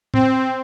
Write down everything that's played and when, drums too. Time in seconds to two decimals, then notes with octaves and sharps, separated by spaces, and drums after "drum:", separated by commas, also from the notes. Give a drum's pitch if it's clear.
0.14 C4, drum: tom A2